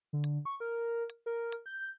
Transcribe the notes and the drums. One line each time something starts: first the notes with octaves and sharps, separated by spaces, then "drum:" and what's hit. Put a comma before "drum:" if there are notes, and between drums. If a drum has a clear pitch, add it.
D3
drum: hi-hat
C#6
A#4
drum: hi-hat
A#4
drum: hi-hat
G6